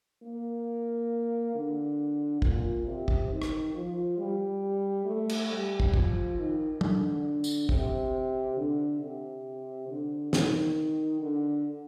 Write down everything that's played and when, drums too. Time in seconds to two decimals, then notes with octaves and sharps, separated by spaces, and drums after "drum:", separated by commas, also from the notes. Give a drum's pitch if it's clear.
0.23 A#3
1.55 D3
2.42 A#2, drum: kick
2.86 C3
3.08 drum: kick
3.30 D#3
3.42 drum: rim click
3.74 F3
4.18 G3
5.06 A3
5.29 drum: cymbal
5.49 G3
5.80 drum: kick
5.94 F3, drum: kick
6.38 D#3
6.81 D3, drum: tom
7.44 drum: tambourine
7.69 C3, drum: kick
8.57 D3
9.01 C3
9.89 D3
10.33 D#3, drum: snare
11.20 D3